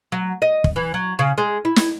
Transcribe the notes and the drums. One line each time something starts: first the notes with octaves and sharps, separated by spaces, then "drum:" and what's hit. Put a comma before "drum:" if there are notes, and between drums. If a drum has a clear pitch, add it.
F#3
D#5
drum: kick
E3
F#3
C#3
G#3
E4
drum: snare